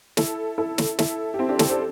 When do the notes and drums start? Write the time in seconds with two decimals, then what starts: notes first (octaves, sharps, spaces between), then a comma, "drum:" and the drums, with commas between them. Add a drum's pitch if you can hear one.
0.17 E4 A4, drum: snare
0.58 E4 A4
0.78 drum: snare
0.99 E4 A4, drum: snare
1.34 G4
1.39 C4 E4
1.49 D4 G4
1.59 E4 A4, drum: snare
1.69 G4 C5